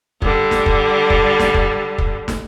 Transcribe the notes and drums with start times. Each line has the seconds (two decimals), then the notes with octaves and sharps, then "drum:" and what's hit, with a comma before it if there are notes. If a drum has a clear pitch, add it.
0.22 D3 G3, drum: kick
0.51 drum: snare
0.66 drum: kick
1.10 drum: kick
1.40 drum: snare
1.54 drum: kick
1.98 drum: kick
2.28 drum: snare